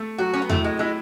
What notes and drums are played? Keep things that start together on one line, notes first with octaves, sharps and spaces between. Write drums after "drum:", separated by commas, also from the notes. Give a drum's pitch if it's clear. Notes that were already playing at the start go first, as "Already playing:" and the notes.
Already playing: A3
F#3 F#4
C#4
B3
A2 A3, drum: tom E2
G#3
G#3 E4